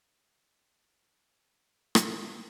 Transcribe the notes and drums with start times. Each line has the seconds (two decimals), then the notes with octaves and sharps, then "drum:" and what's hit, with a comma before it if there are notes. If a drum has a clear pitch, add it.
1.33 A#4
1.95 drum: rim click